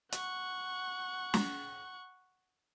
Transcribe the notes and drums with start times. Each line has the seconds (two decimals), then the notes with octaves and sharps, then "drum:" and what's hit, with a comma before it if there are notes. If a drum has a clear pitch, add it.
0.12 F#5 C#6, drum: hi-hat
1.34 drum: snare